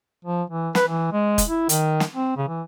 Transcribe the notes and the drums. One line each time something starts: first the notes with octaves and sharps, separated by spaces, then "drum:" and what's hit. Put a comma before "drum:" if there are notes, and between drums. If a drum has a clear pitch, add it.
F3
E3
B4, drum: snare
E3
G#3
drum: kick, hi-hat
E4
D#3, drum: hi-hat
drum: snare
C4
C#3
E3